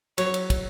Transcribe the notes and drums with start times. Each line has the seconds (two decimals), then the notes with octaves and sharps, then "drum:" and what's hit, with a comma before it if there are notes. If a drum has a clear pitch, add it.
0.18 F#3 C#5, drum: cymbal
0.34 drum: cymbal
0.50 drum: kick, cymbal